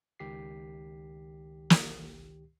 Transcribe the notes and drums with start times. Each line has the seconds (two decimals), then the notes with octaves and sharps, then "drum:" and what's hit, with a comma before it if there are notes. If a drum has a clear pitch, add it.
0.19 C#2 D#3 G4 B6 C7
1.70 drum: snare